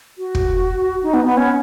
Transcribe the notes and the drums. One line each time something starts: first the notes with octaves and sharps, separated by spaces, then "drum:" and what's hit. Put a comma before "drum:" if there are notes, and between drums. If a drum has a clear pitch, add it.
F#4
drum: kick
D#4
B3
B3
C#4